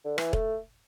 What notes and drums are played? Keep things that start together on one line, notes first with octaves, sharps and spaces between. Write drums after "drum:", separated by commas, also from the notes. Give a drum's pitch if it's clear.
D3
E3, drum: rim click
A3, drum: kick E1